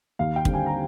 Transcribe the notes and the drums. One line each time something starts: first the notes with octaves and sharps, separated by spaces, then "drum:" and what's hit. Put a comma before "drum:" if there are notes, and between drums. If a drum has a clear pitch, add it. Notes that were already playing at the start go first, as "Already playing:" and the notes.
D#2 F5
G5
D3 G3 C4, drum: kick
G#5
A#5